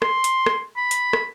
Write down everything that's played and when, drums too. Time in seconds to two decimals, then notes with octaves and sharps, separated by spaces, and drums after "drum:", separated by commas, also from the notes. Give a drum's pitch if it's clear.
0.02 C6, drum: rim click
0.24 drum: hi-hat
0.46 drum: rim click
0.77 B5
0.91 drum: hi-hat
1.13 drum: rim click